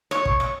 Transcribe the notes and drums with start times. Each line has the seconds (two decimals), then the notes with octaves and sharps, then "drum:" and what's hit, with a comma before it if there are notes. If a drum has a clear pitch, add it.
0.11 C#5, drum: rim click
0.25 drum: kick
0.40 drum: rim click